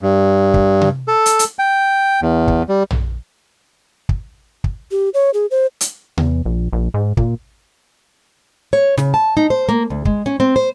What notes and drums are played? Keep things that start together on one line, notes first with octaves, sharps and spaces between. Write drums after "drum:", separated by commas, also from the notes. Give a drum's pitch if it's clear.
G2
drum: kick
drum: tom C3
A4
drum: hi-hat
drum: hi-hat
G5
E2
drum: kick
G3
drum: tom A#1
drum: kick
drum: kick
G4
C#5
G#4
C5
drum: hi-hat
E2, drum: tom C3
A#1
A#1
G#2
A#2, drum: kick
C#5
C#3, drum: snare
A5
D#4
C5
A#3
D2
G#3, drum: kick
C#4
C4
C5